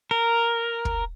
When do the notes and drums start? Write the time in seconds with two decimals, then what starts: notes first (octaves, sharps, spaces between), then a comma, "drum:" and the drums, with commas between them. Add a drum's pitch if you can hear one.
0.11 A#4
0.85 drum: kick